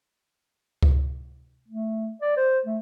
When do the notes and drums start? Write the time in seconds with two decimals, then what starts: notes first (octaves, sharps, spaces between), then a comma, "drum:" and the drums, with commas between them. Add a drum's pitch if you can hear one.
0.83 drum: kick C#2
1.68 A3
2.22 D5
2.37 C5
2.65 A3